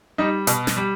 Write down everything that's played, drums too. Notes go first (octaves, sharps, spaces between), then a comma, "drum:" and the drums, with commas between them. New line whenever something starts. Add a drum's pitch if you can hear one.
G3 D#4
B2, drum: hi-hat
drum: snare
G3